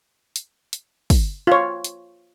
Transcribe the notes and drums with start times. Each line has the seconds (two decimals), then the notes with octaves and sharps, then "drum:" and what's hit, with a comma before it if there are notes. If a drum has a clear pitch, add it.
0.36 drum: hi-hat
0.73 drum: hi-hat
1.10 drum: kick, open hi-hat
1.47 F4 C#5
1.84 drum: hi-hat